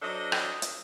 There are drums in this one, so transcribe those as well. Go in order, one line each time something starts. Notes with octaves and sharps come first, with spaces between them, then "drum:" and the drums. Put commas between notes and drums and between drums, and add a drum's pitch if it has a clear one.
F#3 D4 A4 C5 D#5
drum: rim click
drum: hi-hat